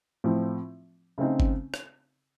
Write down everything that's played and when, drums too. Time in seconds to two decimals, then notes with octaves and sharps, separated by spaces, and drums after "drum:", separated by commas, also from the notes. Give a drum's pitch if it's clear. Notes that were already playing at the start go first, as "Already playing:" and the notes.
0.24 A2 F3 C4
1.18 C#3 A3 C4 D#4
1.40 drum: kick G1
1.74 drum: rim click